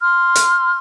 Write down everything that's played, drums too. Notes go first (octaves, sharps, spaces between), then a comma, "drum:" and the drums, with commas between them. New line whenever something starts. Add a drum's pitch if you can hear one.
C6 F6
drum: hi-hat